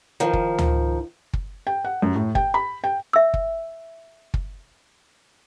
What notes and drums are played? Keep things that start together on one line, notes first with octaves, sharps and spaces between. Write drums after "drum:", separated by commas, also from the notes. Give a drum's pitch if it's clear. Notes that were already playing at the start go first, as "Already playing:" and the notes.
D#3 F3
drum: kick
drum: tom C#2
drum: kick
G5
F#5
F#2
A2
G5, drum: kick
B5
G5
E5 E6
drum: kick
drum: kick